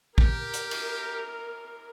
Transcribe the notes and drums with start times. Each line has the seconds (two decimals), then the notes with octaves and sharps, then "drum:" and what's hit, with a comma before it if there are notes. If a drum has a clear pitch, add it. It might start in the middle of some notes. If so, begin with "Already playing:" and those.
0.18 G4 A#4, drum: kick
0.54 drum: hi-hat
0.71 drum: cymbal